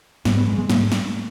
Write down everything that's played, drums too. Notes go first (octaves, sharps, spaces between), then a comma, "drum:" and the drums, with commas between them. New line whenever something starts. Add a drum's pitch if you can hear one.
G#2 B3, drum: snare
B3
G#3
G#3
G#2 A#3, drum: snare
drum: snare